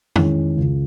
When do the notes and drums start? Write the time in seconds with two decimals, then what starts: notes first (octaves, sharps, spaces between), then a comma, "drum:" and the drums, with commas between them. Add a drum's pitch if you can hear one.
0.16 D#3 G#3 C#4 E4, drum: tom F2
0.57 C#2